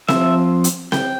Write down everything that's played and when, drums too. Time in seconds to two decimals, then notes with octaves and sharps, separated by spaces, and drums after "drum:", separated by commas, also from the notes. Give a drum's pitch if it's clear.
0.09 F3 C4 E5, drum: snare C4
0.64 drum: hi-hat
0.92 G5, drum: snare C4